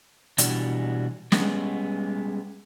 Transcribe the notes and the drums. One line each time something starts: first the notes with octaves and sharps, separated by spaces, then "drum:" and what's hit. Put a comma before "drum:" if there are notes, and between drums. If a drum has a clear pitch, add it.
B2 E3 G3 D4 F#4, drum: hi-hat
G3 G#3 B3 C#4, drum: snare